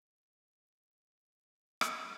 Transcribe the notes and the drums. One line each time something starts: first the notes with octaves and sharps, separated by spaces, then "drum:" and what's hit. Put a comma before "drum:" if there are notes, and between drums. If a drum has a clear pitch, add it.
F#2 B2 D4 A4 F5 G#5
drum: rim click